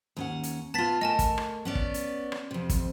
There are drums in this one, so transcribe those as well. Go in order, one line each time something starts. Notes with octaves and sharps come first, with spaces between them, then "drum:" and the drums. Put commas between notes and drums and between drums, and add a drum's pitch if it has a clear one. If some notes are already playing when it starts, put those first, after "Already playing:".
D#2 C#4 F#5
drum: hi-hat
B3 F4 A5 A6 B6
A3 A#4 D#5 G#5 A5
drum: kick, hi-hat
drum: rim click
B3 C#4 D5
drum: kick
drum: hi-hat
drum: rim click
F2 C3
drum: kick, hi-hat